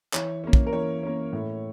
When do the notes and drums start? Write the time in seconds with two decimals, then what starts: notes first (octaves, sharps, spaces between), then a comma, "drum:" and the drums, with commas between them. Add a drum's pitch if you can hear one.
0.13 E3 C#5, drum: clap
0.44 A#3 C#4
0.53 drum: kick
0.67 A#4
0.73 E3 C#5
1.03 A#3 C#4
1.33 A2